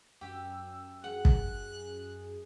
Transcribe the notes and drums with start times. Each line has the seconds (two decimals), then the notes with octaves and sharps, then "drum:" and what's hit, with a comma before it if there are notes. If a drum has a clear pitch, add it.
0.21 F#2 G4 E6
1.04 G#4 F#5 F#6
1.25 drum: kick